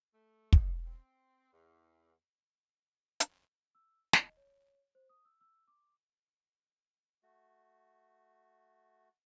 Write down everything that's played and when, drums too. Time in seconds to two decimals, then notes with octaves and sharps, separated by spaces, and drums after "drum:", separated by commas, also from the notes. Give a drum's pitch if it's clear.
0.14 A3
0.53 D#4, drum: kick
0.85 C4
1.53 E2
3.20 drum: hi-hat
3.75 E6
4.13 D#5, drum: snare
4.37 C#5
4.95 C5
5.09 D#6
5.25 E6
5.41 E6
5.68 D6
7.23 A3 F#4